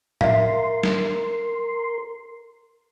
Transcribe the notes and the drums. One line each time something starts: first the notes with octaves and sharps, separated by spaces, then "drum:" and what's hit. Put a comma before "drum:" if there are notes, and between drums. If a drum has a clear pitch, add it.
A#4 E5 F5 C6, drum: tom A2
drum: snare